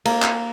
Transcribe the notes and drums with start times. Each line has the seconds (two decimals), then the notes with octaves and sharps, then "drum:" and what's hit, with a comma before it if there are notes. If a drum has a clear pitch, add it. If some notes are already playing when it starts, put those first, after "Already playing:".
0.05 A#3, drum: cymbal
0.22 drum: clap